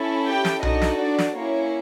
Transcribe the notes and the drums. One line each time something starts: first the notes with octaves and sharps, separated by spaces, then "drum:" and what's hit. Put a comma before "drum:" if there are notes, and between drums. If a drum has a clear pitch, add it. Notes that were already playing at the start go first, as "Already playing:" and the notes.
Already playing: C#4 E4 A4
G4 G5
drum: snare
D4 D#4 F#4 A4 D#5, drum: tom B1
drum: snare
D4 D5
drum: snare
A#3 C#4 E4 C#5